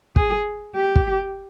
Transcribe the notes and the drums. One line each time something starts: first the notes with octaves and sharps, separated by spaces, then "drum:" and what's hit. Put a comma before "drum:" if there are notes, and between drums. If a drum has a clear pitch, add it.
G#4, drum: kick
G4
drum: kick